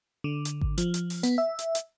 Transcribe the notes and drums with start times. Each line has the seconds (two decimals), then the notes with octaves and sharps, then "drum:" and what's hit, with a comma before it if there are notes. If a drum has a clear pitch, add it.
0.24 D3
0.45 drum: hi-hat
0.61 drum: kick G#1
0.78 F3, drum: hi-hat
0.94 drum: hi-hat
1.10 drum: open hi-hat
1.23 B3, drum: hi-hat
1.38 E5
1.59 drum: hi-hat
1.75 drum: hi-hat